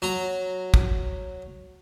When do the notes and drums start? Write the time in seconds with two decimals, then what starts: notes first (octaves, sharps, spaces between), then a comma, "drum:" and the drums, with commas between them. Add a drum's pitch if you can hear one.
0.02 F#3 A#5
0.74 drum: kick